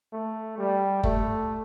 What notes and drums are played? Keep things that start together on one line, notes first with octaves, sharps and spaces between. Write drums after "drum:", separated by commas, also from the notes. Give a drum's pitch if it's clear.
A3
G3
A3, drum: kick F#1